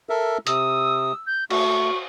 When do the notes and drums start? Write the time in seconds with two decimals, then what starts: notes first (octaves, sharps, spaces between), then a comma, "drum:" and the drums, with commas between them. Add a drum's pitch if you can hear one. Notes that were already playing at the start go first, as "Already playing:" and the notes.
0.09 A4 A#4 E5
0.47 C3 D#6 E6, drum: hi-hat
1.27 G6
1.50 A3 F#4 C#6, drum: cymbal